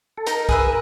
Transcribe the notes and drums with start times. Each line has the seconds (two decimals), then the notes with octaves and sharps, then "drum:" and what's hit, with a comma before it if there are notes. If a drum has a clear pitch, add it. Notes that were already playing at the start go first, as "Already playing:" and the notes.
0.17 A4
0.27 D#4 A#4, drum: hi-hat
0.49 G#4 B4 E5, drum: kick C2